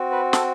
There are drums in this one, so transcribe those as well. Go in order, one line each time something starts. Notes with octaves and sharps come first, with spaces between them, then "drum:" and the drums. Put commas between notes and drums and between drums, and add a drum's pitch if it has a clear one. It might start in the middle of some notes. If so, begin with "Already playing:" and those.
Already playing: C4 F#4
B4
A4, drum: snare